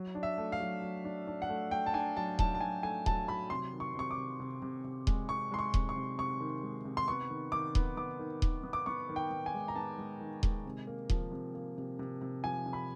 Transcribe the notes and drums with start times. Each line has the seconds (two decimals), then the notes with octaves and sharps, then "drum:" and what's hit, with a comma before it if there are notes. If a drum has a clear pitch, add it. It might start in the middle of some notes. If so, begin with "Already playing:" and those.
Already playing: F#3
0.15 D4
0.23 E5
0.38 A3
0.52 F5
0.60 F#3
0.82 F#3
1.05 D4
1.27 D4
1.42 F#5
1.49 A3
1.71 A3 G5
1.86 A5
1.94 D4 G#5
2.17 F#3 A5
2.39 F#3 A5, drum: kick D#1
2.55 A5
2.60 F#3 G#5
2.83 A3 G#5
3.06 F#3 A5, drum: kick D#1
3.28 F#3 B5
3.50 C3 C6
3.72 D#3
3.80 C#6
3.95 C3 C#6
4.11 D6
4.17 C3
4.40 C3
4.62 C3
4.84 C3
5.07 G#3, drum: kick D#1
5.29 C3 C#6
5.51 G#3 C6
5.59 C#6
5.74 C3, drum: kick D#1
5.89 C#6
5.96 C3
6.18 C3 C#6
6.41 D#3
6.63 G#3
6.85 C3
6.97 C6
7.08 B3 C#6
7.30 D#3
7.52 D#3 D6
7.75 B3, drum: kick D#1
7.97 B3 D6
8.19 D#3
8.42 D#3, drum: kick D#1
8.64 B3
8.73 D6
8.86 B3 C#6
9.09 D#3
9.16 G5
9.31 B3
9.46 G#5
9.54 G#3
9.68 A#5
9.76 B3 A5
9.98 G#3
10.21 D#3
10.43 G#3, drum: kick D#1
10.66 C3
10.87 A#3
11.10 F3, drum: kick D#1
11.32 C3
11.55 A#3
11.78 C3
11.99 C3
12.21 C3
12.44 F3 G#5
12.66 C3
12.73 B5